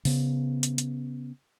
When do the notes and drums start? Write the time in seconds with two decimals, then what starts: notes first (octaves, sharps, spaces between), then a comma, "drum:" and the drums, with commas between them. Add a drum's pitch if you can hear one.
0.05 C#3 B3, drum: open hi-hat
0.63 drum: hi-hat
0.78 drum: hi-hat